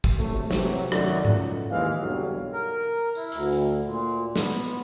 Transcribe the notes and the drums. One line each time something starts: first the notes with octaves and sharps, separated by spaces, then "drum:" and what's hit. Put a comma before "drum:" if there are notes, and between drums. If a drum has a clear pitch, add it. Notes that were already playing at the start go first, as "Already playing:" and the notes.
drum: kick
G#1 F#2 C3 A3
C3 E3 F#3, drum: snare
F#2 D#3 F#3 A3 D5 F#5, drum: rim click
C#2, drum: tom G#2
D#2 E3 G#3 D#5 F5
B1 E2 G2 D3 F#3 G3
A#4
E4, drum: tambourine
D2, drum: hi-hat
drum: hi-hat
A#2
B3, drum: snare